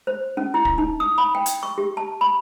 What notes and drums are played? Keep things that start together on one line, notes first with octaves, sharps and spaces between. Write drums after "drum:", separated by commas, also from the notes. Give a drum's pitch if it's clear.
C5
C#4
E4
drum: kick
D#4
D#6
B5
G5
drum: hi-hat
C#6
G4
A5
B5